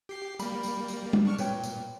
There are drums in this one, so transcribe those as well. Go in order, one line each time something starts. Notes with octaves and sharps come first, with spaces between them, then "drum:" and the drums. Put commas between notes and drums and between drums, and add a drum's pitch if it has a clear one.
G4 C7
G3 A#3 B5, drum: tambourine
drum: tambourine
drum: tambourine
drum: tom G3
D4 C#6 F6
A#2 B4 C#5 G5, drum: tambourine
drum: tambourine